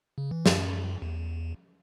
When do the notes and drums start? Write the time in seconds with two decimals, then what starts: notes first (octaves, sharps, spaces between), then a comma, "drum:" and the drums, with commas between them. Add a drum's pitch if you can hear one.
0.18 C#3
0.31 E3
0.46 F#2, drum: snare
1.02 E2